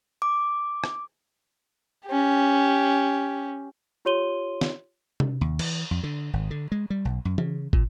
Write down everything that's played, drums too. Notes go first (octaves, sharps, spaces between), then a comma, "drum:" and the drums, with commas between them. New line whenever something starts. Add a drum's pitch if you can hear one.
D6
drum: rim click
C#4 G4
F4 G4 C#5 C6 D#7 G7
drum: snare
drum: tom C3
D#2
E3, drum: cymbal
F2
D3
G#1
D3
G#3
G3
B1
F#2
C#3, drum: tom E3
A#2, drum: kick